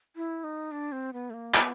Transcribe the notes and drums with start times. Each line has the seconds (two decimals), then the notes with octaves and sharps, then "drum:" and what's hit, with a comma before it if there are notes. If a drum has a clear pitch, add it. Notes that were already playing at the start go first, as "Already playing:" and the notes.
0.16 E4
0.44 D#4
0.72 D4
0.92 C4
1.13 B3
1.30 A3
1.34 A#3
1.54 B3, drum: clap